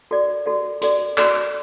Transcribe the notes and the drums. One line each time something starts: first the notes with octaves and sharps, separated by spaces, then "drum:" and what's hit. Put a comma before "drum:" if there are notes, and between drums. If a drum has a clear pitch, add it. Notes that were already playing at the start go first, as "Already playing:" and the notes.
F#4 A4 D5
F#4 A4 D5
F#4 A4 D5, drum: hi-hat
F#4 A4 D5, drum: clap